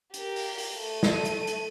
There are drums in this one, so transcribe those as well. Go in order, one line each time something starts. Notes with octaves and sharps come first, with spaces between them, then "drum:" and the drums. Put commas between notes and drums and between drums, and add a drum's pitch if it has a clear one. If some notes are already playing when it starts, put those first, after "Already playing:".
G4 A#4, drum: hi-hat
drum: open hi-hat
drum: open hi-hat
A3 D#7
drum: snare
drum: hi-hat
drum: hi-hat